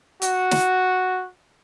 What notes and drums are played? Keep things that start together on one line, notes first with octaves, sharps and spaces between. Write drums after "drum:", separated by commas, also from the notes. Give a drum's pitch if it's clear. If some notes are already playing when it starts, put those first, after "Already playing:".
F#4, drum: hi-hat
drum: snare